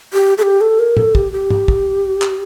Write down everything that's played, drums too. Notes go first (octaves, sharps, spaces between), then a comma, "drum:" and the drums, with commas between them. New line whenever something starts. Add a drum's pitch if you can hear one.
G4
A4
G4
A4
A#4
A4, drum: tom
G4, drum: kick
G4
drum: tom
drum: kick
drum: clap